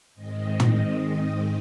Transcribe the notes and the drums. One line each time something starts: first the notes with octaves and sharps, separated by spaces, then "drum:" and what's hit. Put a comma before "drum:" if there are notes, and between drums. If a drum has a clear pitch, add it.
G#2 D#3 G#3 C4 D#5
drum: tom